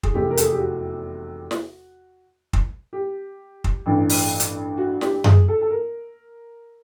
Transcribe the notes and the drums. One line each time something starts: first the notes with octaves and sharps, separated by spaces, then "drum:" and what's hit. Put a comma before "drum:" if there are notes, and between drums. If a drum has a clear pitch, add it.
G#4, drum: kick
F1 E2 C3 G4
A#4
A4, drum: hi-hat
G#4
G4
F#4
drum: snare
drum: kick
G4
drum: kick
A1 G2 E3
drum: open hi-hat
drum: hi-hat
F#4
G4, drum: snare
G#4, drum: tom F#2
A4
A4
A#4